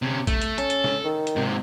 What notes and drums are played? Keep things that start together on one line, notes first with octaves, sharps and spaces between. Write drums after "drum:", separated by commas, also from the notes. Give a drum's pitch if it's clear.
C3 C#4
A3, drum: kick A#1, hi-hat
drum: hi-hat
C#4 A4, drum: hi-hat
drum: hi-hat
drum: snare
D#3
drum: hi-hat
G#2 C3